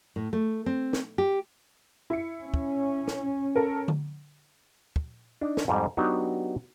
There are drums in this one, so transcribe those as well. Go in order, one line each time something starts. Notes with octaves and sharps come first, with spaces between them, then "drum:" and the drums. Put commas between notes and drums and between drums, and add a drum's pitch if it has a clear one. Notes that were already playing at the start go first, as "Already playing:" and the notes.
A2
A3
C4
drum: snare
G4
E4 C#7
C#4
drum: kick
drum: snare
A4 A#4
drum: tom D3
drum: kick
D4 D#4
drum: snare
F2 G#2 G3
F#3 B3 D4 D#4 F#4 G4